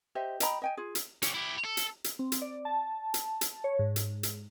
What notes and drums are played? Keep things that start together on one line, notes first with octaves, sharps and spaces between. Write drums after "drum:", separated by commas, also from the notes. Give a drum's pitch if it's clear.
G4 C5 D#5 E5
D#5 G5 A#5 B5, drum: hi-hat
D#5 G5 G#5
F4 G#4
drum: hi-hat
C#4 G4, drum: hi-hat
E4 G4
A4
drum: hi-hat
drum: hi-hat
C4
drum: hi-hat
D5
A5
drum: hi-hat
drum: hi-hat
C#5
G#2
drum: hi-hat
drum: hi-hat